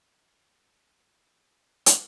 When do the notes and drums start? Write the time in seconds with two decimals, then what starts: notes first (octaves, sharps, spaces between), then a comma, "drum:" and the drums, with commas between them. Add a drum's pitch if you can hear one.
0.19 D#4 F4 A4 C5
1.86 drum: hi-hat